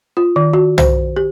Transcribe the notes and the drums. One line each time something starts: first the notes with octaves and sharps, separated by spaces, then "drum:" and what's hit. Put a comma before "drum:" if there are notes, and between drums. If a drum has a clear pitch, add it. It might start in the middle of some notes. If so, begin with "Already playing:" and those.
F4
D#3
F#4
C5, drum: tom
G4